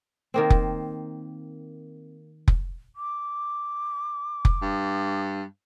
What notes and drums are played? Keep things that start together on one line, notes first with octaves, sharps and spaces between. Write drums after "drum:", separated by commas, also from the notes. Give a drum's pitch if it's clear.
D#3 A#3 C4
drum: kick F1
drum: kick F1
D6
drum: kick F1
G2